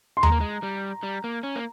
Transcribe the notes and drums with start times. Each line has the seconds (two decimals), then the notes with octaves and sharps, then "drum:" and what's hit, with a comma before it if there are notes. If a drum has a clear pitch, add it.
0.17 C6
0.23 G#3 A#5, drum: tom D#2
0.32 A#3
0.41 G#3
0.63 G3
1.03 G3
1.24 A#3
1.43 C#4
1.56 A#3